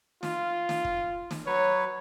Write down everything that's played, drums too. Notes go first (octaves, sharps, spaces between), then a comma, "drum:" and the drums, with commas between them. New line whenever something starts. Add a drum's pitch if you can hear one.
F4, drum: snare
drum: snare
drum: kick
drum: snare
F#3 B4 C#5